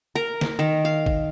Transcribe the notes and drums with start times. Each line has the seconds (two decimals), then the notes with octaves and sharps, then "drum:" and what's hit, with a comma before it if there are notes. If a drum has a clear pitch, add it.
0.15 A#4
0.41 drum: snare
0.59 D#3
0.85 F5
1.06 drum: kick